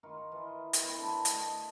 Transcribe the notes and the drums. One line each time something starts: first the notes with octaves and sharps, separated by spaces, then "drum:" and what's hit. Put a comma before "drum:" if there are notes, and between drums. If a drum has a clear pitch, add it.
D#3 F4 A#4 C#6
E3 F4 D#5
drum: hi-hat
B3 E4 A#4 G5
D3 A4 B5 C6
A3 D#5, drum: hi-hat